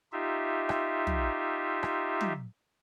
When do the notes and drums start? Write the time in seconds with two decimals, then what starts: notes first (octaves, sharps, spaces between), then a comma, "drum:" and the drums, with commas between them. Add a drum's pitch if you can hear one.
0.12 D#4 F4 G4 E5
0.69 drum: rim click
1.07 drum: tom
1.83 drum: rim click
2.21 drum: tom